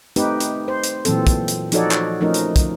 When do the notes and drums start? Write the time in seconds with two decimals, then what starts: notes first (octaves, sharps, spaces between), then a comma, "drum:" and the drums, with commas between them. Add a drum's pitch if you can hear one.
0.16 A3 C4 D#4 G4 B4, drum: hi-hat
0.40 drum: hi-hat
0.68 C5
0.84 drum: hi-hat
1.05 A#2 E3 F#3 C4 A4, drum: hi-hat
1.27 drum: kick, hi-hat
1.48 drum: hi-hat
1.72 F3 D#4 F#4 A4 C#5 D5, drum: hi-hat
1.91 drum: clap
2.21 F3 A3 C#4 D#4 A#4
2.34 drum: hi-hat
2.56 drum: kick, hi-hat